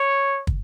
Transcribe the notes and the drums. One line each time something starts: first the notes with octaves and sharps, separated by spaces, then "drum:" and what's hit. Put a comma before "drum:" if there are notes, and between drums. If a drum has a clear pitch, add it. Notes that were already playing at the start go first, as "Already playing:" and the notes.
Already playing: C#5
drum: kick